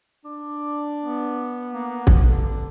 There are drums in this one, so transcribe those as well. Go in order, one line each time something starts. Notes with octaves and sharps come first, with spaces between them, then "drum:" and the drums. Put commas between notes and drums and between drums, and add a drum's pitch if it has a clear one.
D4
B3
A#3
drum: kick
D3